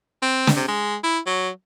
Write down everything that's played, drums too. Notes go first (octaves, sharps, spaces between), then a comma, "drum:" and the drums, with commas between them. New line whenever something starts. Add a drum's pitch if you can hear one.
C4
drum: snare
C3
G#3
E4
F#3